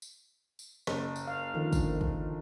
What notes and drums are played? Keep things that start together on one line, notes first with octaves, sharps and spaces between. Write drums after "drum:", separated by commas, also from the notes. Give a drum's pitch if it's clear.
drum: tambourine
drum: tambourine
F#1, drum: snare
drum: tambourine
F5
D3 D#3 F3
drum: kick, tambourine
drum: kick